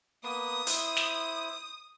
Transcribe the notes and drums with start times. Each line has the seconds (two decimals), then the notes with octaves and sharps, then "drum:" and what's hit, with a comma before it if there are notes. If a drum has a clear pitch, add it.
0.24 A#3 B3 B4 D#6
0.67 E4 C5, drum: hi-hat
0.97 drum: snare